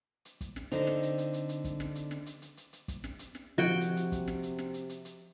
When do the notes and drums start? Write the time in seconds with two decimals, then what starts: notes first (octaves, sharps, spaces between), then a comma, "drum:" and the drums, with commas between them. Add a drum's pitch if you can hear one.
0.25 drum: hi-hat
0.41 drum: kick, hi-hat
0.56 drum: snare
0.72 D3 C4 D#4, drum: hi-hat
0.87 drum: snare
1.03 drum: hi-hat
1.18 drum: hi-hat
1.33 drum: hi-hat
1.49 drum: hi-hat
1.64 drum: kick, hi-hat
1.80 drum: snare
1.95 drum: hi-hat
2.11 drum: snare
2.26 drum: hi-hat
2.42 drum: hi-hat
2.57 drum: hi-hat
2.73 drum: hi-hat
2.88 drum: kick, hi-hat
3.04 drum: snare
3.19 drum: hi-hat
3.35 drum: snare
3.58 C3 F3 F#4 G5
3.81 drum: hi-hat
3.97 drum: hi-hat
4.12 drum: kick, hi-hat
4.28 drum: snare
4.43 drum: hi-hat
4.58 drum: snare
4.74 drum: hi-hat
4.89 drum: hi-hat
5.05 drum: hi-hat